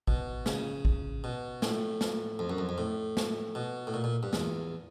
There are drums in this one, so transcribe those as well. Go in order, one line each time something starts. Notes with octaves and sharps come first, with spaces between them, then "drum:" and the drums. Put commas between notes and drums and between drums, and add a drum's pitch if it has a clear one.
B2, drum: kick
C#3, drum: snare
drum: kick
B2
A2, drum: snare
drum: snare
F2
F#2
F2
F2
A2
drum: snare
B2
A2
A#2
A#2
G2
E2, drum: snare